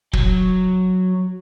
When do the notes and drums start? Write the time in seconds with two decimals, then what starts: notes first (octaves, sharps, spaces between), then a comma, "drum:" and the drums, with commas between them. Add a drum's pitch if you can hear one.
0.13 F#3, drum: kick